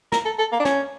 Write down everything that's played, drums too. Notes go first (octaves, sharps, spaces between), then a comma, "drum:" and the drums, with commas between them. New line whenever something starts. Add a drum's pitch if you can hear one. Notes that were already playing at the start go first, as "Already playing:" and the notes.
A#4, drum: snare
A4
A4
A#3
D4
C#4, drum: snare